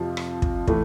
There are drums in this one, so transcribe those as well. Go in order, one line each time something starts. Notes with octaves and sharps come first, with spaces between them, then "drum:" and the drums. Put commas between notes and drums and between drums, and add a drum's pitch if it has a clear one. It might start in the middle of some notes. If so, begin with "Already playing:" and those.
Already playing: F2 C3 F3
drum: rim click
drum: kick
A2 E3 A3, drum: kick